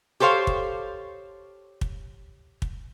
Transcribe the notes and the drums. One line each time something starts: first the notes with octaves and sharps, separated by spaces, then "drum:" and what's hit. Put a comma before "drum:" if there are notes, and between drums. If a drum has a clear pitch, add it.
G4 A4 C5 C#5 F5
drum: kick
drum: kick
drum: kick